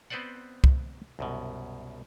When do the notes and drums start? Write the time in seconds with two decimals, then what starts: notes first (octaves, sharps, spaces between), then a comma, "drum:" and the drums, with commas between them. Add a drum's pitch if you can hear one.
0.10 B3 C4 B4 C5 D5 F#5
0.64 drum: kick C2
1.19 C2 F#2 B2